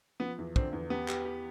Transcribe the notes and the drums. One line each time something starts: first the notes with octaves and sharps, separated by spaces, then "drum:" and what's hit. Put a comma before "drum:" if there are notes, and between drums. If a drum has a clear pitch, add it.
F3 B3
E2
D3 C4, drum: kick
E2
B3 G4
G4, drum: clap
G4